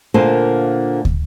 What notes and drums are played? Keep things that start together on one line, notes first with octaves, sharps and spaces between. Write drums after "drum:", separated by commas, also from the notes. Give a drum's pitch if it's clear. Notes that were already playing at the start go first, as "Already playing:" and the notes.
A#2 D3 A#3 C5 A5
drum: kick